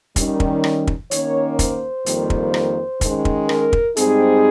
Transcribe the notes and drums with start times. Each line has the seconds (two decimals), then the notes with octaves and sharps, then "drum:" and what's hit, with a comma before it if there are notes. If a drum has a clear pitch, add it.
0.16 D#3 G3 C#4, drum: kick, hi-hat
0.40 drum: kick
0.64 drum: rim click
0.87 drum: kick
1.11 D#3 A#3 C#4 C#5, drum: hi-hat
1.59 C5, drum: kick, hi-hat
2.06 F2 D#3 G3 A#3, drum: hi-hat
2.30 drum: kick
2.54 drum: rim click
3.01 D#3 G#3 C#4, drum: kick, hi-hat
3.25 drum: kick
3.49 A#4, drum: rim click
3.73 drum: kick
3.97 G#2 G3 C4 D#4 G#4, drum: hi-hat